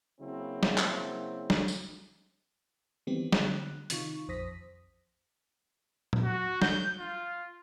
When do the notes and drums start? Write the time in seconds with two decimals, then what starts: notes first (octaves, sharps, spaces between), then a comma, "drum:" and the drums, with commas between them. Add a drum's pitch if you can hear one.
0.21 C#3 F#3 A#3 C4 E4
0.63 drum: snare
0.78 drum: clap
1.50 drum: snare
1.68 drum: tambourine
3.07 D#3 E3 G3 B3 C4 G4
3.32 D3 F#6, drum: snare
3.90 C3 D#3 D#4 F4 C#6, drum: hi-hat
4.28 A#1 F2 C5 D#6 A#6 B6
6.13 drum: tom
6.24 F#4
6.62 G6, drum: snare
6.98 F4